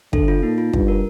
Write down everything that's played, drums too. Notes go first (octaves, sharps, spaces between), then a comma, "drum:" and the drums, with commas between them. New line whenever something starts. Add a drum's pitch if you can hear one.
D3 A4, drum: kick
F4
A#2 D#4
F4
G2, drum: kick
A#4